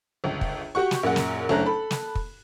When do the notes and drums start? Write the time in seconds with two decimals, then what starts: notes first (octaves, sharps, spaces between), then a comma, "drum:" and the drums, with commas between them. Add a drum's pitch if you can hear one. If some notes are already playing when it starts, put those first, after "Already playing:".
0.24 G1 C#2
0.41 drum: kick
0.75 F#4 G4 F#5 C#6
0.91 drum: snare
1.03 F#2 A#2 G#4 F#5
1.16 drum: snare
1.49 F#1 A3 C#4 D4 A#5 F#6
1.66 A4 B5
1.91 drum: snare
2.15 drum: kick